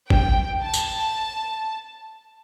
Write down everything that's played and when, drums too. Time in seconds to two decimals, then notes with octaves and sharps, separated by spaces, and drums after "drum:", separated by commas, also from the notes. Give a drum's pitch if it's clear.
0.10 G5, drum: kick
0.63 A5
0.74 drum: tambourine